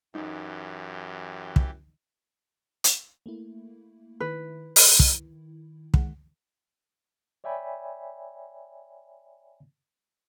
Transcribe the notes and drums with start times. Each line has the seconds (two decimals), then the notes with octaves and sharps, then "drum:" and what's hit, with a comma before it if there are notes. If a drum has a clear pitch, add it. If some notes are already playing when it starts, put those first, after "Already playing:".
0.15 F#2 E3 D#4 G4
1.56 drum: kick
2.84 drum: hi-hat
3.26 A3 A#3 E4
4.20 D#3 E4 B4
4.76 drum: open hi-hat
4.99 drum: kick
5.94 D#3 G#3 F#5, drum: kick
7.44 C#5 D5 E5 G5 G#5 B5